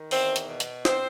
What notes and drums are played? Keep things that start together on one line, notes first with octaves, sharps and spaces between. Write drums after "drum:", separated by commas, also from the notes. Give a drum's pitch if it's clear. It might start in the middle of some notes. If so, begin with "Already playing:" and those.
Already playing: D#3
E2 C4 C5, drum: open hi-hat
drum: hi-hat
B2
drum: hi-hat
C4 C5, drum: snare